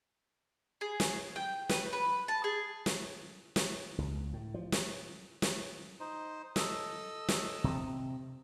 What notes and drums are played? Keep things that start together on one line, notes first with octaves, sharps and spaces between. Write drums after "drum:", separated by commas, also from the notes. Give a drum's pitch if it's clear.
G#4
drum: snare
G5
B4, drum: snare
B4
A5
G#4
drum: snare
drum: snare
C#2
A2
F3
drum: snare
drum: snare
D#4 C5
A4 D#5 E6, drum: snare
drum: snare
C3 C4